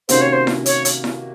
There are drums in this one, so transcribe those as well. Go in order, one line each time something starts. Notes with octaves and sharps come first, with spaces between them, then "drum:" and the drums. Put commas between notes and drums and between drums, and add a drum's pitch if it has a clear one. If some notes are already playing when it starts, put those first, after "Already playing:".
C3 D#3 A#3 C#4 F#4 C5, drum: hi-hat
C#5
C5
drum: snare E4
C#5, drum: hi-hat
drum: hi-hat
drum: snare E4